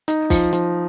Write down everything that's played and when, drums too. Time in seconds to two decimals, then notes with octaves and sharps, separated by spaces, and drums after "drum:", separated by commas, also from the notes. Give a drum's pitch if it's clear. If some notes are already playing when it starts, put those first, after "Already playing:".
0.08 D#4, drum: hi-hat
0.30 F3, drum: kick, open hi-hat
0.53 F3, drum: hi-hat